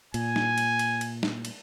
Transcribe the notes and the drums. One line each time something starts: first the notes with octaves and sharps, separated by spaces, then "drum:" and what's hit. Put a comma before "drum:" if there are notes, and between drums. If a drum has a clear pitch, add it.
A#2 G#5, drum: cymbal
drum: snare
drum: cymbal
drum: cymbal
drum: cymbal
drum: snare
drum: cymbal